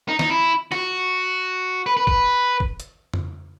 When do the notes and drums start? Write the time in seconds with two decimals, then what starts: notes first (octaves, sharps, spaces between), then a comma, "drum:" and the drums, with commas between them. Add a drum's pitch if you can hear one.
0.09 D#4
0.19 D#4, drum: snare
0.30 E4
0.72 F#4, drum: rim click
1.86 B4
1.97 B4
2.07 B4, drum: kick G#1
2.60 drum: kick G#1
2.80 drum: hi-hat
3.14 drum: tom F2